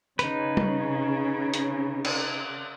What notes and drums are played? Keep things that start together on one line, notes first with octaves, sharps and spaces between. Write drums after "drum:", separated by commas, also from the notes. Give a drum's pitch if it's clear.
C#3 D#4 B4, drum: hi-hat
drum: tom
drum: hi-hat
drum: cymbal